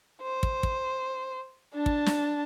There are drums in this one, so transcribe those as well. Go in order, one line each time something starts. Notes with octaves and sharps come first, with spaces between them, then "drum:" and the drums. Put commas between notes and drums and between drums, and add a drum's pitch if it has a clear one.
C5
drum: kick
drum: kick
D4 A5
drum: kick
drum: snare